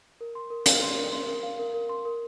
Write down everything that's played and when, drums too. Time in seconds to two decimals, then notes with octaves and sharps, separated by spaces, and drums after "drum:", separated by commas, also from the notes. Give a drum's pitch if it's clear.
0.21 A#4
0.35 C6
0.50 A#4
0.66 F5, drum: hi-hat
0.82 C6
0.97 A#4
1.12 C6
1.28 A#4
1.43 F5
1.59 A#4
1.74 A#4
1.89 C6
2.05 A#4